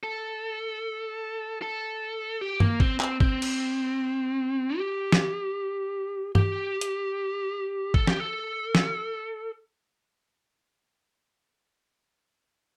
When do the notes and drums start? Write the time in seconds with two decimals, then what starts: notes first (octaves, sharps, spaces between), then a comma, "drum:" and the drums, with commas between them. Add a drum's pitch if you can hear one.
0.03 A4
1.62 A4
2.41 G4
2.60 A#3, drum: tom G2
2.80 C4, drum: kick G#1
3.00 C4, drum: clap
3.20 C4, drum: kick G#1
3.42 drum: cymbal
4.78 G4
5.12 drum: snare
6.35 G4, drum: tom G2
6.81 drum: hi-hat
7.94 A4, drum: kick G#1
8.07 G4, drum: snare
8.20 A4
8.75 drum: snare